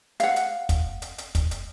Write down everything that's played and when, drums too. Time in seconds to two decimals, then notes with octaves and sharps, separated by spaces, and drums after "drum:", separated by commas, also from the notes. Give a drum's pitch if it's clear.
0.20 F5 F#5, drum: hi-hat
0.36 drum: hi-hat
0.69 drum: kick, hi-hat
1.02 drum: hi-hat
1.18 drum: hi-hat
1.35 drum: kick, hi-hat
1.51 drum: hi-hat